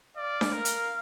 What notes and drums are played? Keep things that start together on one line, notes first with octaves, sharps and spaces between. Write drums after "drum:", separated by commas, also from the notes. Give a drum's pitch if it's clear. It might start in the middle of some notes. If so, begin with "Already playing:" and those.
D5 F5
drum: snare D4
A#4
drum: hi-hat